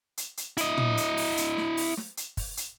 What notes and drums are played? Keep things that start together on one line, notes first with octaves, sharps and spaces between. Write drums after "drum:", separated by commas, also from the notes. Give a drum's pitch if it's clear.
drum: hi-hat
drum: hi-hat
E4 D#5, drum: hi-hat
drum: tom
drum: hi-hat
drum: open hi-hat
drum: hi-hat
drum: snare
drum: open hi-hat
drum: snare
drum: hi-hat
drum: kick F#1, open hi-hat
drum: hi-hat